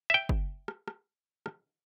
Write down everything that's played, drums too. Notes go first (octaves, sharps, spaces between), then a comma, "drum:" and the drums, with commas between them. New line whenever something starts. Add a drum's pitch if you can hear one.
E5 G5
drum: kick
drum: rim click
drum: rim click
drum: rim click